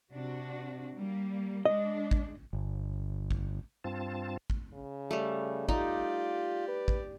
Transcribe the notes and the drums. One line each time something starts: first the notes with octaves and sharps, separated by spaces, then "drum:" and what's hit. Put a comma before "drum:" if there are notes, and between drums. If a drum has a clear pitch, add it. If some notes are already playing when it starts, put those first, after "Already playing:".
C3 D4 F#4
G3 A#3
G#3 D4 D#5
drum: kick A1
G1
drum: kick A1
G2 C4 F4 A5
drum: kick A1
C#3
G3 A3
D#4 F4 G4 D5, drum: kick A1
B4
drum: kick A1